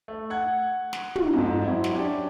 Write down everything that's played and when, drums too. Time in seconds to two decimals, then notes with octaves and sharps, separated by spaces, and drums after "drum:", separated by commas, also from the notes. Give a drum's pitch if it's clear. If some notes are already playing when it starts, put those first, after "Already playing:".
0.08 A3
0.30 F#5 F#6 G#6
0.93 drum: snare
1.16 drum: tom
1.33 F2 G#2
1.61 F#3 C4 E4
1.84 drum: snare
1.93 C#4 D4 G4 D5